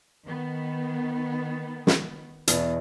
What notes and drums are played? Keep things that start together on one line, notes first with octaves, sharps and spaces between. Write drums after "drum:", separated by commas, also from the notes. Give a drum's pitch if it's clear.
D#3 B3
drum: snare
E2 B2, drum: hi-hat